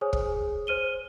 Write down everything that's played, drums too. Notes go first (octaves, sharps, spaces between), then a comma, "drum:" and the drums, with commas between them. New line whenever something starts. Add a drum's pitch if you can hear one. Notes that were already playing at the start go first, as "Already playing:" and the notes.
G#4 C5 C#5 G#5 D#6
drum: kick
C5 F6 D#7 G7